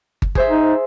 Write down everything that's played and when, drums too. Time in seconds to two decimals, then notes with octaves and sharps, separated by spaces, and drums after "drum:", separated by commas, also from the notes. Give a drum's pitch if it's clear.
0.22 drum: kick
0.35 G#4 C5 E5, drum: kick
0.49 D#4